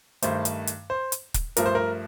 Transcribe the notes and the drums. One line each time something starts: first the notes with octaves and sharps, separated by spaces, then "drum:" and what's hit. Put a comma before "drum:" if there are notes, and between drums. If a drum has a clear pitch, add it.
G2 D#3 A3 C5, drum: hi-hat
drum: hi-hat
drum: hi-hat
C5
drum: hi-hat
drum: kick, hi-hat
G2 F3 A3 A#4, drum: hi-hat
C5
A#4